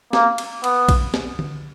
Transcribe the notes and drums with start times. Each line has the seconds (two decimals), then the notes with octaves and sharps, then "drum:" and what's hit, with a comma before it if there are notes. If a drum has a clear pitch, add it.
0.13 A#3, drum: snare
0.38 drum: cymbal
0.64 B3, drum: cymbal
0.89 drum: kick, cymbal
1.14 drum: snare
1.39 drum: tom D3